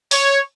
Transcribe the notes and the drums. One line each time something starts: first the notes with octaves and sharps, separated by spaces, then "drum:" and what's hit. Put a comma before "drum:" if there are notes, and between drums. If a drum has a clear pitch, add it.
C#5, drum: open hi-hat